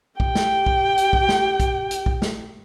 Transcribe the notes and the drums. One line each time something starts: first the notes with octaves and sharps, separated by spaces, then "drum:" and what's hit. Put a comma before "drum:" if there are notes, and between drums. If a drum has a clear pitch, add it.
G4 G5, drum: kick
drum: snare
drum: kick
drum: hi-hat
drum: kick
drum: snare
drum: kick, hi-hat
drum: hi-hat
drum: kick
drum: snare